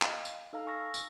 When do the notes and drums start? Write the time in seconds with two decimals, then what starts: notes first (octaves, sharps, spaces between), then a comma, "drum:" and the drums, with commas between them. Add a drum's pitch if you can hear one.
0.02 D#5 F5 G5, drum: clap
0.25 drum: tambourine
0.53 D#4 A4 F5 A#5
0.67 G#5 C#6 E6 F6 A#6
0.94 drum: tambourine